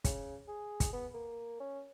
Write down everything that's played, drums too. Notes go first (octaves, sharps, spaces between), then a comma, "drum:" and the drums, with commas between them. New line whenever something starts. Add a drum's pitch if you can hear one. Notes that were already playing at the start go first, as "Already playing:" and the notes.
C#3, drum: kick, hi-hat
G#4
drum: kick, hi-hat
B3
A#3
C#4